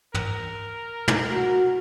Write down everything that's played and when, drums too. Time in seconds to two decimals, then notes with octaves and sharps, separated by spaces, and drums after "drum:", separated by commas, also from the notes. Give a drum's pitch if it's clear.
0.14 A#4, drum: tom
1.08 drum: tom
1.32 F#4